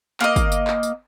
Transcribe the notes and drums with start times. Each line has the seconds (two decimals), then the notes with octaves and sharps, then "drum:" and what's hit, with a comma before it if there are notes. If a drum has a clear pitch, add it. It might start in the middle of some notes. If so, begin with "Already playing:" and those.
0.20 A#3 D#5, drum: clap
0.36 drum: kick, tambourine
0.52 drum: tambourine
0.67 drum: clap
0.83 drum: tambourine